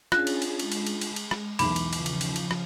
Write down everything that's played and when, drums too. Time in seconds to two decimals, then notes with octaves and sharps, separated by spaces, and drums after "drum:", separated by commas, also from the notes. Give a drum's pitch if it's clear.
0.12 C#4 D4 F4 G#4 F#6 A6 A#6, drum: rim click
0.27 drum: cymbal
0.42 drum: cymbal
0.59 G#3, drum: cymbal
0.72 drum: cymbal
0.87 drum: cymbal
1.01 drum: cymbal
1.16 drum: cymbal
1.31 drum: rim click
1.59 B1 E2 E3 B5 D6, drum: cymbal
1.76 drum: cymbal
1.93 C#3 F3, drum: cymbal
2.06 drum: cymbal
2.21 drum: cymbal
2.36 drum: cymbal
2.51 drum: rim click